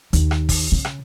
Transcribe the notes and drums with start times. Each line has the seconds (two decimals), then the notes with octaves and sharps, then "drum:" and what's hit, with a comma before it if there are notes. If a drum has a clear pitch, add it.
0.13 D#2, drum: hi-hat
0.31 drum: rim click
0.49 drum: kick, open hi-hat
0.72 C#3
0.85 drum: rim click